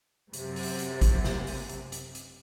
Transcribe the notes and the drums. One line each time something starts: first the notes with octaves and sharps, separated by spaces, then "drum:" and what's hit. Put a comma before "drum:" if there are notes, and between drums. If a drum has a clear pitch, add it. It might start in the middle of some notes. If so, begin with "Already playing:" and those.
F#2 C3, drum: hi-hat
drum: open hi-hat
drum: hi-hat
drum: kick, hi-hat
drum: snare
drum: open hi-hat
drum: hi-hat
drum: hi-hat
drum: hi-hat